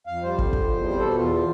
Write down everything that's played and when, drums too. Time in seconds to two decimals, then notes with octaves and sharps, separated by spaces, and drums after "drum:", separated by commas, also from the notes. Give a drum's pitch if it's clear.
0.07 F2 F5
0.23 G3 C5
0.38 D3, drum: kick
0.53 F2, drum: kick
0.69 E2
0.84 G3
0.99 B2 A4
1.15 E2 F4